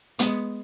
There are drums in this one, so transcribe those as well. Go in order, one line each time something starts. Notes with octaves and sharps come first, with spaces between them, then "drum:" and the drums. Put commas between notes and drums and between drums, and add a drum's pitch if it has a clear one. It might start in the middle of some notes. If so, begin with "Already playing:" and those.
G#3 B3, drum: hi-hat